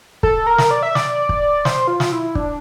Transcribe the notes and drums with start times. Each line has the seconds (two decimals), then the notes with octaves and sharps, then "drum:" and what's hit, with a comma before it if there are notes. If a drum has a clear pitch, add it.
0.23 A4, drum: kick
0.47 A#4
0.58 drum: snare
0.71 D5
0.83 E5
0.95 D5, drum: snare
1.29 drum: kick
1.65 C5, drum: snare
1.88 F4
2.00 drum: snare
2.12 E4
2.35 D4, drum: kick